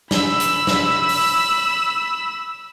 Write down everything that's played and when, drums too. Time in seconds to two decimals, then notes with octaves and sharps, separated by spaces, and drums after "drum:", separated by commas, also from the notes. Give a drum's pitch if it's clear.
0.11 B5 E6, drum: snare
0.40 drum: hi-hat
0.67 drum: snare
1.09 drum: open hi-hat